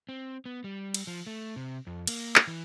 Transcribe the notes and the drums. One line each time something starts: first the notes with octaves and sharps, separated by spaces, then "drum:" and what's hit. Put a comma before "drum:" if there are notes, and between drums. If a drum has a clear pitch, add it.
C4
B3
G3
drum: cymbal
F3
A3
C3
F2
A#3, drum: cymbal
drum: clap
E3